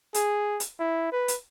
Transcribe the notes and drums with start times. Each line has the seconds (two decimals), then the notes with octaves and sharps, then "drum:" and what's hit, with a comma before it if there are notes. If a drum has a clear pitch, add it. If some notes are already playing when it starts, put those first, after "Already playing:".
0.14 G#4, drum: hi-hat
0.60 drum: hi-hat
0.79 E4
1.12 B4
1.28 drum: hi-hat